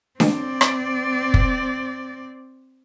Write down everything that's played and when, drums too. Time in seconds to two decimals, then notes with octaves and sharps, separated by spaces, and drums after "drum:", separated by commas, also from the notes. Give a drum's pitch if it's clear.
0.20 C4 D5, drum: snare D4
0.61 drum: rim click
1.34 drum: kick